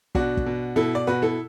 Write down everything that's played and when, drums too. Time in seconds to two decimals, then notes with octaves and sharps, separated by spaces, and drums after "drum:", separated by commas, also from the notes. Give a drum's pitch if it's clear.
0.15 B2 D4 F#4, drum: kick
0.37 drum: kick
0.46 B2
0.76 B2 E4 A4
0.95 D5
1.07 B2 F#4 B4
1.22 E4 A4